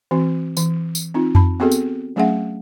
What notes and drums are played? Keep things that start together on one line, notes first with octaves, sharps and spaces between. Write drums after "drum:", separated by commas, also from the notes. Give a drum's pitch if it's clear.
E3 C4 F#4
E3, drum: tambourine
drum: tambourine
C4 D#4 F4
A5 B5, drum: tom F2
B3 C4 F#4 G#4 A4
drum: tambourine
F#3 A3 C#4 G#4 E5 F#5